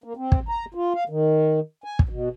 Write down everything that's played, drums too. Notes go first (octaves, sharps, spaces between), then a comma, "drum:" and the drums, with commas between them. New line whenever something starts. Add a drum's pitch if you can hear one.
A#3
C4
drum: kick
A#5
F4
F5
D#3
G#5
drum: kick
B2